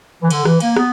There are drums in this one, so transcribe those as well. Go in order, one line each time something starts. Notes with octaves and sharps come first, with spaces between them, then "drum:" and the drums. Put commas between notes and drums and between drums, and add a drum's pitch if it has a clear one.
E3
D3, drum: cymbal
E3, drum: rim click
A#3, drum: cymbal
B3, drum: rim click